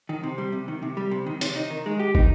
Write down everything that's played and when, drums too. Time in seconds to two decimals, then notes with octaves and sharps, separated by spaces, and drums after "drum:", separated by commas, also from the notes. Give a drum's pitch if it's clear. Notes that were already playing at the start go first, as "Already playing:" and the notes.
0.09 D#3
0.23 C3
0.38 G3
0.52 C3
0.68 D#3
0.83 C3
0.97 G3
1.11 C3
1.27 D#3
1.41 C3, drum: hi-hat
1.56 D#4
1.70 D#3
1.86 G#3
1.99 G4
2.15 D#4, drum: kick